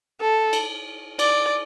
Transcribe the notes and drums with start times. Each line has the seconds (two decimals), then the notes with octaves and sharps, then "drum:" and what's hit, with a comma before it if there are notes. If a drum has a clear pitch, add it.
0.21 A4
0.53 drum: cymbal
1.19 D5, drum: cymbal